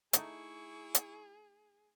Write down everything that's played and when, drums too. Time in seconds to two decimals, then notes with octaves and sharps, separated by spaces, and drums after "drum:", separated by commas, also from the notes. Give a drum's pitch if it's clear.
0.13 A3 D#4 E4 G#4 C#6, drum: hi-hat
0.95 drum: hi-hat